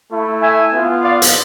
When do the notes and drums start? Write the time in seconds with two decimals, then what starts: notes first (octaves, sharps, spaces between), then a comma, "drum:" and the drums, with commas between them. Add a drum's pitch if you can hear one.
0.10 A3 E4
0.41 E5 G#5
0.72 B3 F4
1.03 D5 F5
1.22 drum: hi-hat